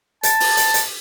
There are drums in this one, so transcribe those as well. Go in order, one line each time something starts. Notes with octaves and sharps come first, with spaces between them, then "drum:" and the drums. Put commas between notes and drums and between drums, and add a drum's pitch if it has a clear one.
A5, drum: hi-hat
drum: open hi-hat
drum: hi-hat
drum: hi-hat